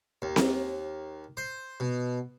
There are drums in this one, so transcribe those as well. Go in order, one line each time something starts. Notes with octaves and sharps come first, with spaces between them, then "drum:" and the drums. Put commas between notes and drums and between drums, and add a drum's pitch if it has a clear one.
D#2
drum: snare C4
C5
B2